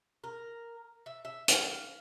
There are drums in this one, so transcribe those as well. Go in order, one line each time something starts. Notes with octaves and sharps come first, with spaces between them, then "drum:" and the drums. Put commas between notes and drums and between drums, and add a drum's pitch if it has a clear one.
A#4
E5
E5
F5, drum: hi-hat